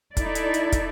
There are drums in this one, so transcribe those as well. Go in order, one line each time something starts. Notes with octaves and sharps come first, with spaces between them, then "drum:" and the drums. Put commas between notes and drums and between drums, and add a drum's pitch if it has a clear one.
D#4 E4 A4 D5, drum: kick, hi-hat
drum: hi-hat
drum: hi-hat
drum: kick, hi-hat